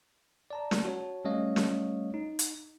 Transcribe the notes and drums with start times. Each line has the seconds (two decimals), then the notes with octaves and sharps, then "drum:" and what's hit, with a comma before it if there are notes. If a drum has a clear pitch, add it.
0.50 D5 A5 A#5
0.71 drum: snare
0.85 F#4 C#5 A5
1.25 G3 A3 C#4 C#5 D#5 F5
1.56 drum: snare
2.14 D#4
2.39 drum: hi-hat